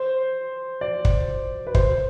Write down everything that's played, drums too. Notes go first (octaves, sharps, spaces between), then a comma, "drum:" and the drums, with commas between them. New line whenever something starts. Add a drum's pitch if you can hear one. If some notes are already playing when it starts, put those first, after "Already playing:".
Already playing: C5
D5
drum: kick
B4
C5, drum: kick